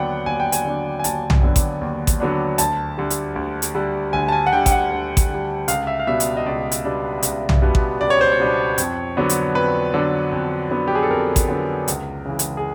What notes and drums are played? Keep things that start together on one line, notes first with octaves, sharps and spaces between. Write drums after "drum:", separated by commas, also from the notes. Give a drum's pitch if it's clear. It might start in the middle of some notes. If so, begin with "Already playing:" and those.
Already playing: D#2 D3 F#3 B3 D4 F#5 G5
D#2 G#5
G5
G#5, drum: hi-hat
D3 F#3 B3 D4
G#5
D#2 A5, drum: hi-hat
drum: tom B1
D3 F#3 B3 D4
drum: kick A1, hi-hat
D#2
drum: kick A1, hi-hat
D3 F#3 B3 D4
D2 A5, drum: hi-hat
D3 G3
drum: hi-hat
D2
drum: hi-hat
D3 G3
D2 G#5
A5
G#5
F#5
D3 G3 G5
G5, drum: kick A1, hi-hat
F#5
D2
drum: kick A1, hi-hat
D3
G3
C#2 F5, drum: hi-hat
E5
F5
B2 G3 B3 D4 E5
drum: hi-hat
D#5
C#2 D5
drum: hi-hat
B2 G3 B3 D4
C#2, drum: hi-hat
drum: tom B1
B2 G3 B3 D4
drum: kick A1
C#2 D5
C#5
C5
C#5
B2 G3 B3 D4
F2, drum: hi-hat
D3 F#3 B3 D4
drum: hi-hat
F2 B4
D3 F#3 B3 D4
F2
D3 F#3 B3 D4
G4
G#4
A4
F2 A#4
drum: kick A1, hi-hat
D3 F#3 B3 D4
C#2, drum: hi-hat
C#3 E3 G#3
drum: hi-hat
G#4